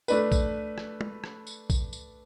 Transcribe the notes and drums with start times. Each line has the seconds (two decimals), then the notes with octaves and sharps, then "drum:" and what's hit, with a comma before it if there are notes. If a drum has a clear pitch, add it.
0.08 A3 D4 B4, drum: tambourine
0.32 drum: kick A#1, tambourine
0.78 drum: rim click
1.01 drum: tom
1.24 drum: rim click
1.47 drum: tambourine
1.70 drum: kick A#1, tambourine
1.93 drum: tambourine